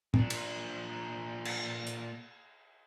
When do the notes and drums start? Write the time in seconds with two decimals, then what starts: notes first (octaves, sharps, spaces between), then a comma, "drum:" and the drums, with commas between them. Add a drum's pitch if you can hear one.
0.14 A#2 D4, drum: tom
0.30 drum: cymbal
1.45 drum: cymbal
1.87 drum: hi-hat